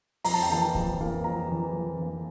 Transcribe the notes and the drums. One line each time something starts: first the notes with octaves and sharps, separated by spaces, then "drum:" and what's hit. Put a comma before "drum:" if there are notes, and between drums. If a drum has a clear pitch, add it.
F2 A#5, drum: open hi-hat
A5
G5
E3 A#3 A5
F2, drum: kick
E3 A#3
F2 A#5
E3 A#3
F2
E3 A#3